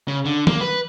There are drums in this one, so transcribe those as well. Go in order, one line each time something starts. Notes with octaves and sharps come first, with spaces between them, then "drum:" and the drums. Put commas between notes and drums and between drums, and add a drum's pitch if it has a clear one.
C#3
D3
A#3, drum: tom
B4